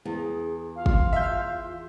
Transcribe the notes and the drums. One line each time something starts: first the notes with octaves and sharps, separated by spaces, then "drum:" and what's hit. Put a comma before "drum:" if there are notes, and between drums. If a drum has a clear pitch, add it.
E2 G#4
F4 F5
drum: kick
E5 G6